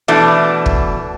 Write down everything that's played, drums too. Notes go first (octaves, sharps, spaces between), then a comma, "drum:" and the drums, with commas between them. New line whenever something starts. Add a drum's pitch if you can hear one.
B2 E3 A3 D4
drum: kick